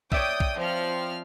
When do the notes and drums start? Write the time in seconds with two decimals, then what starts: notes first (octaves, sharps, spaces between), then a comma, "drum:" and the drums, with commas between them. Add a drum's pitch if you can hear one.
0.12 C#5 D5 E5 G5 D#6, drum: kick B1
0.40 drum: kick B1
0.58 F3 C4 F6